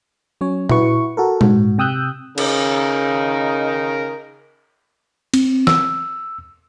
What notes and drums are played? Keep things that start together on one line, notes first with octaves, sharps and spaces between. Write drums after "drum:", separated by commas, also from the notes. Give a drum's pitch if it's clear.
F#3 C#4 C#5
E4 F#4 B4 C#6, drum: tom A#2
F#4 A4 A#4
G#2 F#4, drum: tom A#2
C3 G5 D#6 E6 F#6 G6
C#3 D#4 A#4, drum: cymbal
C4, drum: cymbal
E6, drum: snare